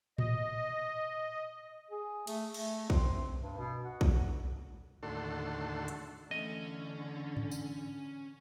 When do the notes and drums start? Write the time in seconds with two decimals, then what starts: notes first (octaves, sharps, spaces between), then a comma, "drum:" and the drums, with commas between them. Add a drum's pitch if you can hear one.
0.18 D#5, drum: tom A2
1.90 G#4
2.27 A3, drum: cymbal
2.54 A3, drum: cymbal
2.90 C4, drum: kick
3.41 G2
3.57 B2
3.83 F#4
4.01 drum: kick
5.03 D#2 A2 D3 F#4 A4 C6
5.88 drum: hi-hat
6.31 E2 D3 A3 C#4 D#5
7.37 drum: tom G#2
7.51 drum: tambourine